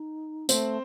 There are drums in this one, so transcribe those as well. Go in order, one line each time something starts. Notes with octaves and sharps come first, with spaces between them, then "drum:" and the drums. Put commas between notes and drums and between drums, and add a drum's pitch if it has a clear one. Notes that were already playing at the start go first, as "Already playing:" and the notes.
Already playing: D#4
A3 C4 C5, drum: tambourine